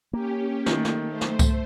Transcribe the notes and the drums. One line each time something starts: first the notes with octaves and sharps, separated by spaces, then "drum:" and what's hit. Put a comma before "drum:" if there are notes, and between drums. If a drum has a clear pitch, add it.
A#3 C#4 G4
D#3 A3, drum: snare
drum: snare
A3 C5
drum: snare
drum: kick C2, tambourine